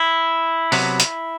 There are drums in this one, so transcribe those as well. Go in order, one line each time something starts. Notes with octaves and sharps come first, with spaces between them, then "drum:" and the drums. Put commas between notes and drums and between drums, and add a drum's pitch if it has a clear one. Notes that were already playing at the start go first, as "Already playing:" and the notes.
Already playing: E4
C3 F#3 B3, drum: open hi-hat
drum: hi-hat